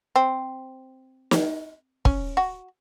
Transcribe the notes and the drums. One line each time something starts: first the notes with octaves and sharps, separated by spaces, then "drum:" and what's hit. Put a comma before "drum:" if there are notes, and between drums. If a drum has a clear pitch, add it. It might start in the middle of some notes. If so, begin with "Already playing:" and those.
C4
drum: snare
C#4, drum: kick
F#4